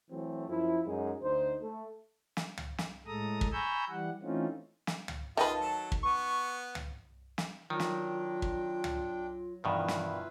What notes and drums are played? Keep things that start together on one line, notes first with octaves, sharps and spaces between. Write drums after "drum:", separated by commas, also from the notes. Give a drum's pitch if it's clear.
E3 F#3 A3 C4
F#2 F3 E4
F#2 G#3 D#4 G#4
D2 D#4 C5
A3
drum: snare
drum: tom
drum: snare
A2 G#3 A4 A#5 D#6
drum: kick
G#5 A#5 B5 C#6 E6 G6
E3 G3 F#5
E3 A3 C4 C#4 D#4 F4
drum: snare
drum: tom
D#3 F4 B4 D#5 A5
F#3 A4
drum: kick
B3 C#6
drum: tom
drum: snare
D#3 F#3 D4 F4 G5
drum: snare
drum: kick
drum: tom
G2 B2 D#3 E3 E4 F4 B4
drum: snare